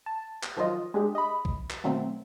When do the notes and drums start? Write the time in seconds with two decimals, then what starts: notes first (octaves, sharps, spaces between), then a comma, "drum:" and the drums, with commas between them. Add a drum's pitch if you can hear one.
0.06 A5
0.43 drum: clap
0.57 D#3 F3 F#3 F4 D#5
0.94 G#3 D4 G4 G#4
1.15 D#5 B5
1.45 drum: kick B1
1.70 drum: clap
1.84 B2 D#3 F#3 A3 C4